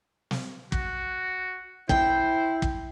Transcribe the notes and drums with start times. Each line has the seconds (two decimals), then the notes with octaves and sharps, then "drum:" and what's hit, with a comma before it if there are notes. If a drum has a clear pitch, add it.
0.31 drum: snare
0.72 F#4, drum: kick
1.89 E4 C5 G5, drum: kick
2.62 drum: kick